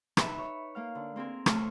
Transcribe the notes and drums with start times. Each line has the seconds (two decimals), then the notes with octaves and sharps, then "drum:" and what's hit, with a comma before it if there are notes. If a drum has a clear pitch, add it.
0.17 D#4 B4 E5, drum: rim click
0.38 C#5
0.75 A#3 F5 F6
0.95 D3
1.16 A#3 C4 G#4 A#4
1.46 A3 C5 C#5 F6, drum: rim click